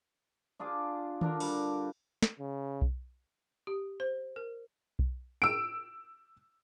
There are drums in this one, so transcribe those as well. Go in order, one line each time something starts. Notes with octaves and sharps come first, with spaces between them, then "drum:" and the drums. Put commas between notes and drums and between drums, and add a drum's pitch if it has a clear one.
D4 F4 G#4 D5
D3 D4 A#4, drum: tom D#3
G3, drum: open hi-hat
drum: snare
C#3
drum: kick B1
G4
C5
A#4
drum: kick B1
E6 D7